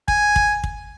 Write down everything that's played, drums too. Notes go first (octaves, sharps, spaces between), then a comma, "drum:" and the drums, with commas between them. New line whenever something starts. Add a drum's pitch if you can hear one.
G#5, drum: kick
drum: kick
drum: kick